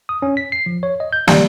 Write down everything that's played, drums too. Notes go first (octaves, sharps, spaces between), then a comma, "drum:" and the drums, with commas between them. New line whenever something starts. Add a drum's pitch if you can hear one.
D#6
C#4
B6
C7
F3
C#5
D#5
G6
G3, drum: snare